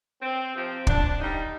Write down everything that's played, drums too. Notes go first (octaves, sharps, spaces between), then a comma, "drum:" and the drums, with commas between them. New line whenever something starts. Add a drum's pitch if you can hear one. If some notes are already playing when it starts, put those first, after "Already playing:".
C4
C3 F3 C4
D4, drum: kick
G2 D3 G3 D#4